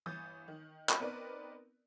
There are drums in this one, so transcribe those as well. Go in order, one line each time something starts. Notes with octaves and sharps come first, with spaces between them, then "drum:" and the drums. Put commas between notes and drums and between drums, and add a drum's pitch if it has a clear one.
G1 E3 D#6 G6 A6
D#3
drum: clap
B3 C4 D#4 A#4 B4 D5